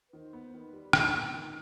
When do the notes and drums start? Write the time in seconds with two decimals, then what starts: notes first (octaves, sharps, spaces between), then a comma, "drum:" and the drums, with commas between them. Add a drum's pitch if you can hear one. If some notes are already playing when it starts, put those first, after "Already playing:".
0.09 B4
0.13 D#3 C5
0.33 B3
0.54 D#3 B4
0.73 G3
0.93 D#3 A#4, drum: rim click
1.14 B3
1.34 D#3